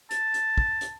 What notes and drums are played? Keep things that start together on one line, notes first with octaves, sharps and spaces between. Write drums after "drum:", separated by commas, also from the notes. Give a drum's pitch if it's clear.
A5, drum: hi-hat
drum: hi-hat
drum: kick
drum: hi-hat